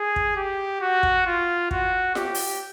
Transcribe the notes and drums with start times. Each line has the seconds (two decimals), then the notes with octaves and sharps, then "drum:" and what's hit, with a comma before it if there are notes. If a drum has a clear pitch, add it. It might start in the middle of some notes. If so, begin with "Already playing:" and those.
Already playing: G#4
0.16 drum: kick
0.36 G4
0.81 F#4
1.03 drum: kick
1.26 F4
1.71 F#4, drum: kick
2.15 G4, drum: snare F4
2.35 drum: open hi-hat